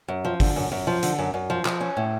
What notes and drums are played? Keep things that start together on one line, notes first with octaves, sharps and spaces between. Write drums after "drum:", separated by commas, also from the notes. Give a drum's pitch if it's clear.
F#2
F3
D3, drum: kick G1, open hi-hat
F#2
F#2
F3
D3, drum: hi-hat
F#2
F#2
F3
F3, drum: clap
C#4
A2